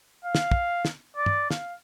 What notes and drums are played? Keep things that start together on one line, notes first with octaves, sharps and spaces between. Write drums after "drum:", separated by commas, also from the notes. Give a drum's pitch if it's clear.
F5
drum: snare
drum: kick
drum: snare
D5
drum: tom
F5, drum: snare